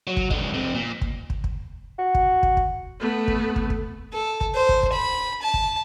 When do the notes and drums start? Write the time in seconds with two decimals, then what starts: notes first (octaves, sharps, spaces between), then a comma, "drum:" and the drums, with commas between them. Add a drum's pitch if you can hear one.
0.07 F#3
0.17 drum: kick
0.30 D3 G#3, drum: kick
0.54 F2 C3
0.74 A#2
1.01 drum: kick
1.30 drum: kick
1.44 drum: kick
1.98 F#4
2.15 drum: kick
2.43 drum: kick
2.57 drum: kick
3.00 A3 B3
3.28 drum: kick
3.56 drum: kick
3.70 drum: kick
4.13 A4
4.41 drum: kick
4.55 C5
4.69 drum: kick
4.83 drum: kick
4.93 B5
5.42 A5
5.54 drum: kick